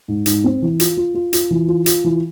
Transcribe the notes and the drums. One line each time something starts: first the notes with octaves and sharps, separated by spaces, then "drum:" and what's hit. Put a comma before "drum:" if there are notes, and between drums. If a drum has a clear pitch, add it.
G#2
G#2, drum: hi-hat
C4
E3
F4, drum: hi-hat
F4
F4
F4, drum: hi-hat
E3
F4
F4, drum: hi-hat
E3